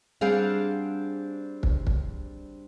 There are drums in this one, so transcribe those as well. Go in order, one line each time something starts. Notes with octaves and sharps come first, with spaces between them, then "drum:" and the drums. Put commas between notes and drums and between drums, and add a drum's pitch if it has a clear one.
G3 C4 D4 G#4 F5 F#5
drum: kick
drum: kick